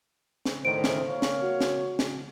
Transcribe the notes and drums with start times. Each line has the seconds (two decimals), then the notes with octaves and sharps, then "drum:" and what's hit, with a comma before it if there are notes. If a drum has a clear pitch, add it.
0.45 drum: snare
0.65 D2 A2 D#3 C5 D7
0.84 drum: snare
1.07 A#3 C#5 F5
1.22 drum: snare
1.43 F#4
1.61 drum: snare
1.99 drum: snare